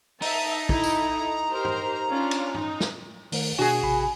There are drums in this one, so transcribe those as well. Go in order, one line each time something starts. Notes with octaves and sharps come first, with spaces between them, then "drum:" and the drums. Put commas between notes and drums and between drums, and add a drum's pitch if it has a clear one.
D#4 E5 A5, drum: open hi-hat
E4 A4 A#5, drum: kick
drum: tambourine
G4 A#4 C5
drum: tom G2
C#4 D4 F4
drum: cymbal
D#4, drum: tom G2
drum: snare
D#3 A3 A#4, drum: open hi-hat
B2 D4 F#4 G#4 G#5
A1 C3 B5